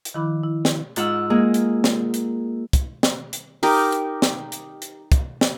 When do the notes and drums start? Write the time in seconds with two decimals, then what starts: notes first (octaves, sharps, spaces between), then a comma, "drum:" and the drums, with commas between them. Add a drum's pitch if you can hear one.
0.05 drum: hi-hat
0.14 D#3 F3 E4 B5 D6 F#6
0.43 E4
0.65 drum: snare
0.96 G#2 F4 F#5 E6, drum: hi-hat
1.30 G#3 A#3 G#4
1.54 drum: hi-hat
1.84 drum: snare
2.14 drum: hi-hat
2.73 drum: kick, hi-hat
3.03 drum: snare
3.33 drum: hi-hat
3.63 D#4 G4 A#4, drum: open hi-hat
3.92 drum: hi-hat
4.22 drum: snare
4.52 drum: hi-hat
4.82 drum: hi-hat
5.12 drum: kick, hi-hat
5.41 drum: snare